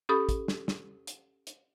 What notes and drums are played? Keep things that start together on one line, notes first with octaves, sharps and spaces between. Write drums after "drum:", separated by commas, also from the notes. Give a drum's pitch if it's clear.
C#4 G4 A4 B5 D#6
drum: kick, hi-hat
drum: snare
drum: snare
drum: hi-hat
drum: hi-hat